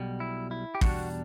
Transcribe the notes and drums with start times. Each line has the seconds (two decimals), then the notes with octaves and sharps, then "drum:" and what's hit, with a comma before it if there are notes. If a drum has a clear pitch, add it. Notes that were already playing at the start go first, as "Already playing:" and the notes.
Already playing: B1 B2 G3
0.20 E4
0.51 E4
0.75 G4
0.81 E2 B2 G3 D4 F#4, drum: kick